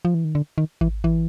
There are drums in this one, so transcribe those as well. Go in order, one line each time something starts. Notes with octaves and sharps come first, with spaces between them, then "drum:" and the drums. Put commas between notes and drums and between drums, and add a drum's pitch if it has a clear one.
F3
E3
D#3
D3
D#3
E3, drum: kick G#1
E3, drum: kick G#1